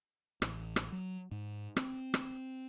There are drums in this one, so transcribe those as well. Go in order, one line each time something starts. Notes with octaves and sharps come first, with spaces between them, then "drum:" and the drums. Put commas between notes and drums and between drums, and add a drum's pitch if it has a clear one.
A1, drum: rim click
drum: rim click
F#3
G#2
C4, drum: rim click
drum: rim click